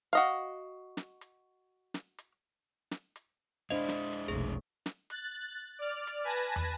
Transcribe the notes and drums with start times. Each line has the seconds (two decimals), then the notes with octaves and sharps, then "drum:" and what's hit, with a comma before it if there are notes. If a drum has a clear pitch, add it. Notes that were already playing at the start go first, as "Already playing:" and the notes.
0.13 F#4 D#5 F5
0.97 drum: snare
1.21 drum: hi-hat
1.94 drum: snare
2.18 drum: hi-hat
2.91 drum: snare
3.16 drum: hi-hat
3.70 G#3 D4 E4 C5 D#5 F5
3.89 drum: snare
4.13 drum: hi-hat
4.28 F1 B1 G#4
4.86 drum: snare
5.10 F#6 A6, drum: hi-hat
5.79 D5 F6
6.07 drum: hi-hat
6.24 B4 G#5 A5 A#6
6.56 drum: tom